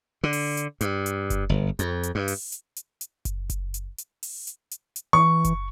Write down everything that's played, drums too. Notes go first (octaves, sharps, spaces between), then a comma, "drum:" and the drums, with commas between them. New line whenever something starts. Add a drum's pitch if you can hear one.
D3
drum: open hi-hat
drum: hi-hat
G2, drum: hi-hat
drum: hi-hat
drum: kick F#1, hi-hat
G1
F2, drum: hi-hat
drum: hi-hat
G2
drum: open hi-hat
drum: hi-hat
drum: hi-hat
drum: hi-hat
drum: kick F#1, hi-hat
drum: kick F#1, hi-hat
drum: hi-hat
drum: hi-hat
drum: open hi-hat
drum: hi-hat
drum: hi-hat
drum: hi-hat
E3 C#6
drum: kick F#1, hi-hat